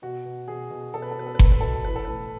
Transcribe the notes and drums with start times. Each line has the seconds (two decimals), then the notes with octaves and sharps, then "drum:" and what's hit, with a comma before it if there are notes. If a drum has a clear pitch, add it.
0.02 B2 F#4
0.25 B2
0.48 B2 G#4
0.70 B2
0.93 B2 A4
1.02 B4
1.11 A4
1.16 B2 B4
1.26 A4
1.35 B4
1.39 B2 A4, drum: kick F#1
1.52 B4
1.61 B2 A4
1.85 E3 B4
1.96 A4
2.05 A2 B4